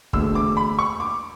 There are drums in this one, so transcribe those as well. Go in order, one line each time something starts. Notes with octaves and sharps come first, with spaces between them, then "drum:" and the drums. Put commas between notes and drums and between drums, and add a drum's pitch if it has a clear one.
E1 D2 D3 A3 E6, drum: kick
D6
B5
C#6
D6